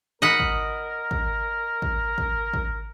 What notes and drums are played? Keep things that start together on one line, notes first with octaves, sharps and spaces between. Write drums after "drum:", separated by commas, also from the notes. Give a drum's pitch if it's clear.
A#4 D#5 F#5 B5
drum: kick
drum: kick
drum: kick
drum: kick
drum: kick